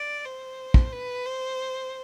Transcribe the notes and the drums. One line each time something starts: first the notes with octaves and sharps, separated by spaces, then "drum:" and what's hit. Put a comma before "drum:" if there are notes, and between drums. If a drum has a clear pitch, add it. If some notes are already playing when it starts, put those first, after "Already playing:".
Already playing: D5
C5
drum: kick
B4
C5